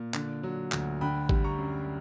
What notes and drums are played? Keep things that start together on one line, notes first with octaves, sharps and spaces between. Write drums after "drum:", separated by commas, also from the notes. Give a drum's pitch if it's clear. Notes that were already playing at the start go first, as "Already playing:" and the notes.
Already playing: A#2
D3, drum: clap
F#3
D2, drum: clap
D3 G5 B5
G3, drum: kick G#1
A#5 C#6
F#2